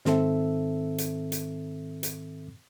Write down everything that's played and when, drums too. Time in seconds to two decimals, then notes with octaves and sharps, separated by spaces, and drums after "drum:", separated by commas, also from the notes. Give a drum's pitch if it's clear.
0.05 G#2 D#3 C4 A4 E5, drum: snare
0.98 drum: hi-hat
1.32 drum: hi-hat
2.03 drum: hi-hat